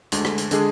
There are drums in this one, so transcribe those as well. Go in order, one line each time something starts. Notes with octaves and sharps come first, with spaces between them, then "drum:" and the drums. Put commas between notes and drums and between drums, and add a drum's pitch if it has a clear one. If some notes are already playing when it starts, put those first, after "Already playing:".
D2 D3 G#3, drum: hi-hat
drum: rim click
drum: hi-hat
D3 G#3 D4 G#4, drum: hi-hat